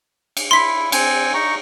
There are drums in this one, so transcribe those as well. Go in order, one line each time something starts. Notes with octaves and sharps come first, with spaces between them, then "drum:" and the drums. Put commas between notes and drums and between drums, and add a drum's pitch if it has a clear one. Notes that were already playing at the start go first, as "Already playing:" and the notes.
drum: cymbal
E4 C6 B6
C4 G5 G#5, drum: cymbal
D#4 A#5 C#6